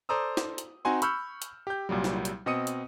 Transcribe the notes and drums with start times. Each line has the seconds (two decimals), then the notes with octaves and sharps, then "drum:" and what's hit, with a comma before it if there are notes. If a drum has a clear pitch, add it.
0.09 A4 C5 D5 A#5 D#6 E6
0.37 drum: snare
0.58 drum: hi-hat
0.85 C4 D#4 F#4 G#5 C6
1.02 B5 C#6 E6 F6 G6 C#7, drum: hi-hat
1.42 drum: hi-hat
1.67 G4 G6
1.89 C2 A#2 F#3 G3
2.04 drum: snare
2.25 drum: hi-hat
2.46 B2 C4 D#5 D#6 C#7 D#7
2.67 drum: hi-hat